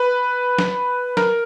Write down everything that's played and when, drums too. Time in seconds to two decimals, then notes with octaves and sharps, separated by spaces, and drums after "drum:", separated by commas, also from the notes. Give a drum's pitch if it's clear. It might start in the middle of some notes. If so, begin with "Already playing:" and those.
Already playing: B4
0.59 drum: snare F#3
1.17 A#4, drum: snare F#3